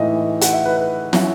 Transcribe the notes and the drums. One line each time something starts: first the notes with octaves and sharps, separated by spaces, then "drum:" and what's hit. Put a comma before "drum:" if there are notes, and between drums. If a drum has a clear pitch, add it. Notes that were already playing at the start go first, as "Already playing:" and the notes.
Already playing: A2 E3 G#3 D#4 D#5 E5
F#5, drum: hi-hat
E5
B4
B4
F#3 C#4 E4, drum: snare